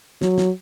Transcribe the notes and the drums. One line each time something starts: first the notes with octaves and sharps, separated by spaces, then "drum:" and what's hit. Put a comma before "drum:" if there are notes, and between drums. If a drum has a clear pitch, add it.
F#3, drum: snare
drum: snare